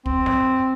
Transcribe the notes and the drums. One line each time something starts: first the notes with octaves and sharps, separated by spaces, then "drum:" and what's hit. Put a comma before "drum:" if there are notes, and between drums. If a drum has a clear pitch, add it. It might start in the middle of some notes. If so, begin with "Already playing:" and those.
C4, drum: kick
drum: snare